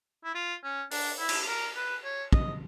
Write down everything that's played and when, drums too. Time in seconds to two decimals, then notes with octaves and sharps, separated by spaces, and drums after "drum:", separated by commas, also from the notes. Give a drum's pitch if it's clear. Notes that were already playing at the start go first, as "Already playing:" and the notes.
0.24 E4
0.35 F4
0.63 C#4
0.91 D4, drum: open hi-hat
1.19 E4
1.29 drum: cymbal
1.48 A#4
1.76 B4
2.04 C#5
2.33 D#5, drum: kick